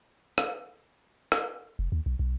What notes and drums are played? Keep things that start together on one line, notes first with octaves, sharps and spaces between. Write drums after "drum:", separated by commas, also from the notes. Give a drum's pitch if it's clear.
drum: rim click
drum: rim click
F1
D#2
B1
B1